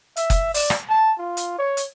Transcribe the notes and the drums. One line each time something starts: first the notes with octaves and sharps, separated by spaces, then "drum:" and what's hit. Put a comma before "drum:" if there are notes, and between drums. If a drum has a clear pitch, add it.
E5, drum: hi-hat
drum: kick F#1, hi-hat
D5, drum: open hi-hat
drum: rim click
A5
F4
drum: hi-hat
C#5
drum: hi-hat